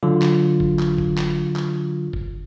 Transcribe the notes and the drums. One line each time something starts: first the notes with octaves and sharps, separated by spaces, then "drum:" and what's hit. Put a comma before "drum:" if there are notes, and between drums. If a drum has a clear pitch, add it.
D3 F#3 F4
drum: clap
drum: kick F#1
drum: clap
drum: kick F#1
drum: clap
drum: clap
drum: kick F#1